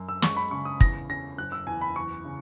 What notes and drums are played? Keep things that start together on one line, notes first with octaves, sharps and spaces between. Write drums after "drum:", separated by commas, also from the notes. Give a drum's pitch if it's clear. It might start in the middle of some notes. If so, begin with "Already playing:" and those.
Already playing: F#2
E6
G#3 C#6, drum: snare
B5
C#3 C#6
D#6
E2 A#6, drum: kick
C#4 A#6
F#1 F#6
E6
E2 G#5
B5
E3 C#6
C#3